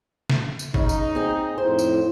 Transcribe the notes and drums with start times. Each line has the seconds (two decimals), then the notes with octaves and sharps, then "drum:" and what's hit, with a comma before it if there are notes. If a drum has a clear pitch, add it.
0.30 drum: snare
0.59 drum: tambourine
0.74 C#3 D#4, drum: kick G#1
0.89 drum: tambourine
1.15 C4 G#4
1.58 F2 A2 C5
1.79 drum: tambourine